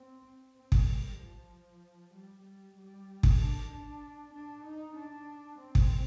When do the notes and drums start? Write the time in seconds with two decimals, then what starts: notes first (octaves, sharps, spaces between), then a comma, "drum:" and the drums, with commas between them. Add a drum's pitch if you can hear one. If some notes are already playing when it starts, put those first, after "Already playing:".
Already playing: C4
0.57 C4
0.72 drum: kick
0.87 G3
1.19 F3
2.14 G3
2.44 G3
2.76 G3
3.23 drum: kick
3.39 D4
3.70 D4
4.34 D4
4.65 D#4
4.96 D4
5.59 C4
5.75 drum: kick